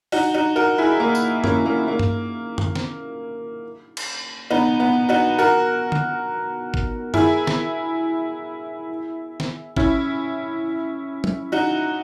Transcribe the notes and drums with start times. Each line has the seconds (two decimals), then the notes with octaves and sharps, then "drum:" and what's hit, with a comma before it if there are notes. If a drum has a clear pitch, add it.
0.12 D#4 F#4, drum: open hi-hat
0.34 D#4 F#4
0.56 F#4 A#4
0.78 E4 G#4
1.00 A#3
1.15 drum: tambourine
1.44 A#3 C#4, drum: tom F#2
1.66 A#3
1.88 A#3
1.99 drum: tom G2
2.58 drum: tom F#2
2.75 drum: snare
3.97 drum: cymbal
4.50 B3 D#4
4.80 B3
5.09 D#4 F#4
5.39 F#4 A#4
5.92 drum: tom
6.74 drum: kick
7.14 E4 G#4, drum: tom F#2
7.47 drum: snare
9.40 drum: snare
9.77 C#4 E4, drum: kick
11.24 drum: tom F#3
11.52 D#4 F#4